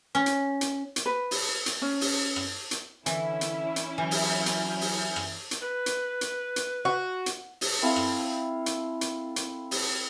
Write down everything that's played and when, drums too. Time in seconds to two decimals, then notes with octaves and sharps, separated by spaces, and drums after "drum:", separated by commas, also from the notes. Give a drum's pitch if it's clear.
0.15 C#4
0.26 drum: hi-hat
0.61 drum: hi-hat
0.96 drum: hi-hat
1.06 B4
1.31 drum: open hi-hat
1.66 drum: hi-hat
1.82 C#4
2.01 drum: open hi-hat
2.36 drum: rim click
2.71 drum: hi-hat
3.06 D3 E3 C#4 D4 E4 E5, drum: hi-hat
3.41 drum: hi-hat
3.76 drum: hi-hat
3.98 E3 F#3 G#5 F6 G6
4.11 drum: open hi-hat
4.46 drum: hi-hat
4.81 drum: open hi-hat
5.16 drum: rim click
5.51 drum: hi-hat
5.61 B4
5.86 drum: hi-hat
6.21 drum: hi-hat
6.56 drum: hi-hat
6.85 F#4
7.26 drum: hi-hat
7.61 drum: open hi-hat
7.82 C4 E4 A4 F5
7.96 drum: rim click
8.66 drum: hi-hat
9.01 drum: hi-hat
9.36 drum: hi-hat
9.71 drum: open hi-hat